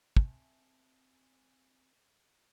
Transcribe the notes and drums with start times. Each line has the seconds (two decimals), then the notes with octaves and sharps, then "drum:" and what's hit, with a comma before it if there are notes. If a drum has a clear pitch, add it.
0.17 C4 E5 G#5 A5, drum: kick